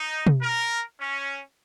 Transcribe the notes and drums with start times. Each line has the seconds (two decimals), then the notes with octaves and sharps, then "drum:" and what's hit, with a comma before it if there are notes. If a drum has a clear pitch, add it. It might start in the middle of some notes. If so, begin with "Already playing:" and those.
Already playing: D#4
0.26 drum: tom
0.42 A#4
0.99 C#4